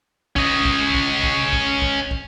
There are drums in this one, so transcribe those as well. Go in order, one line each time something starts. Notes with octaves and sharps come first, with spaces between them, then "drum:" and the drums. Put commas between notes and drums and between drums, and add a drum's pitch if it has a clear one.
C#4 D#5, drum: kick
drum: kick
drum: kick
drum: kick
drum: kick
drum: kick
drum: kick